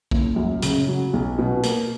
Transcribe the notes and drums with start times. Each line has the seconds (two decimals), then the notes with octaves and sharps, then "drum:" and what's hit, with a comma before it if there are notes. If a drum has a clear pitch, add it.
0.11 F#1, drum: kick A#1
0.36 F#2
0.62 C#3, drum: hi-hat
0.88 F#3
1.13 B1
1.38 B2
1.63 A#3, drum: hi-hat